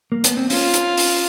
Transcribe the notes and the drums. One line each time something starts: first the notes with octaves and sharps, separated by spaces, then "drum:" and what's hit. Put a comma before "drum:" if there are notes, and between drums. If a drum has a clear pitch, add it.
A#3
B3, drum: hi-hat
C4
C#4 F4, drum: open hi-hat
drum: hi-hat
drum: open hi-hat